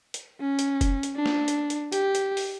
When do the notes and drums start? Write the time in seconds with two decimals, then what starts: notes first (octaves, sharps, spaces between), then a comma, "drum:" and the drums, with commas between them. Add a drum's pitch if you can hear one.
0.14 drum: hi-hat
0.41 C#4
0.59 drum: hi-hat
0.81 drum: kick F1, hi-hat
1.03 drum: hi-hat
1.16 D4
1.26 drum: snare
1.48 drum: hi-hat
1.70 drum: hi-hat
1.92 G4, drum: hi-hat
2.15 drum: hi-hat
2.37 drum: open hi-hat